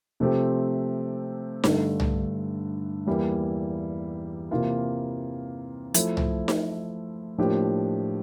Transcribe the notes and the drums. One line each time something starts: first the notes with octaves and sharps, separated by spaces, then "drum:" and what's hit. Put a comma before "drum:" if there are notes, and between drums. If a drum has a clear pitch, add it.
C3 F3 A3 C4 G4
G2 D3 A3, drum: snare D#4
drum: tom C2
E2 E3 G3 A#3 E4
C3 E3 A#3 F4
F3 A3 E4, drum: hi-hat
drum: tom C2
drum: snare D#4
A2 F3 A#3 D4 G4